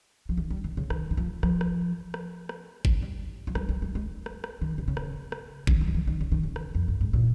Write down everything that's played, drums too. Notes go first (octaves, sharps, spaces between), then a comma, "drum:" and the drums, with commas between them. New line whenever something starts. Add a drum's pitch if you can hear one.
F3
D#3
G3
D#3
C#3
D#3, drum: rim click
D#3
F3
F3, drum: rim click
drum: rim click
drum: rim click
drum: rim click
drum: kick G1
G3
F3
G3, drum: rim click
G3
G3
G#3
drum: rim click
drum: rim click
D#3
C3
C#3
drum: rim click
drum: rim click
D#3, drum: kick G1
G3
D#3
F3
D#3
C#3
D#3
C#3
drum: rim click
F2
G2
G#2
A#2